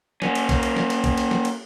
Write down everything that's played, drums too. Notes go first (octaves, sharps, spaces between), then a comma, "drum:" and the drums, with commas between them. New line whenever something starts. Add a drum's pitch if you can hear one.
A#3 C#4, drum: snare
drum: cymbal
drum: kick, cymbal
drum: cymbal
drum: snare
drum: cymbal
drum: kick, cymbal
drum: cymbal
drum: snare
drum: cymbal